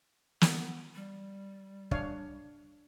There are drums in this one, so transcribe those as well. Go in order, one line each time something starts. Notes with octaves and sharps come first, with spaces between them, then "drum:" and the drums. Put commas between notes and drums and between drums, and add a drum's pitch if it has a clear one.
B3, drum: snare
G3
D4 C#5 F5, drum: kick